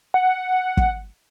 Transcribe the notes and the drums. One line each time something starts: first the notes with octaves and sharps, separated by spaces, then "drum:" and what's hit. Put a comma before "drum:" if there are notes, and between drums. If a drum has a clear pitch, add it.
F#5
drum: kick